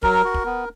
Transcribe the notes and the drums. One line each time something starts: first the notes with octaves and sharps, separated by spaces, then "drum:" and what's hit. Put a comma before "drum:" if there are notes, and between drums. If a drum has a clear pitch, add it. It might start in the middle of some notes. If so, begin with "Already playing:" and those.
F#3 A#4, drum: kick
F#4
drum: kick
B3